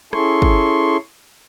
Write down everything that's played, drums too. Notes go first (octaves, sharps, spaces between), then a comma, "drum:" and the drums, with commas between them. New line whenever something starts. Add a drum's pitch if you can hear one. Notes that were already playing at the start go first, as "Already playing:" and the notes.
C#4 E4 G#4 A4 C6 C#6, drum: rim click
drum: kick